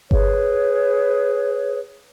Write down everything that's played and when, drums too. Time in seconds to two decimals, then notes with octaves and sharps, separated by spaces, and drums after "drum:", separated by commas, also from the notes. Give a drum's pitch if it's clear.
0.11 G#4 B4 C#5, drum: kick G1